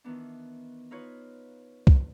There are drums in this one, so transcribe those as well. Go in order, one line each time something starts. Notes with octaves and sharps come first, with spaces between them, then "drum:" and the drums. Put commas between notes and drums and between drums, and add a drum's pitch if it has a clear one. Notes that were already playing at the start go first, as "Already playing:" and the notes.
D#3 E3 B3 D4
D#4 F4 B4 C#5
drum: kick C2